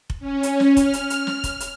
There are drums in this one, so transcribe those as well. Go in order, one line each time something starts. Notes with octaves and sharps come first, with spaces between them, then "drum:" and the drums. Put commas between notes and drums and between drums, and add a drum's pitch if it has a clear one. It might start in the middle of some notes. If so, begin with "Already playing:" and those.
drum: kick F1
C#4
drum: hi-hat
drum: snare
F6, drum: kick F1, hi-hat
drum: hi-hat
drum: hi-hat
drum: snare
drum: kick F1, hi-hat
drum: hi-hat